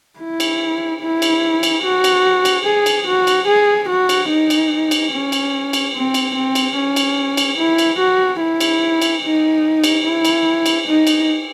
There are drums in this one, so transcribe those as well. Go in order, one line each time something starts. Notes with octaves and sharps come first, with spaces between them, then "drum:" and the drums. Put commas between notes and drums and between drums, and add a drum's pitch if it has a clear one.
E4
drum: cymbal
E4
drum: cymbal
drum: cymbal
F#4
drum: cymbal
drum: cymbal
G#4
drum: cymbal
F#4
drum: cymbal
G#4
F#4
drum: cymbal
D#4
drum: cymbal
drum: cymbal
C#4
drum: cymbal
drum: cymbal
C4
drum: cymbal
C4
drum: cymbal
C#4
drum: cymbal
drum: cymbal
E4
drum: cymbal
F#4
E4
drum: cymbal
drum: cymbal
D#4
drum: cymbal
E4
drum: cymbal
drum: cymbal
D#4
drum: cymbal